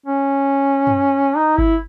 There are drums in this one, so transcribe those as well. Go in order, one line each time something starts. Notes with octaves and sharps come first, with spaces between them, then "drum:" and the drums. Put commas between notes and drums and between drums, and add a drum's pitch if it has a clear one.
C#4
drum: tom F#2
D#4
E4, drum: kick G1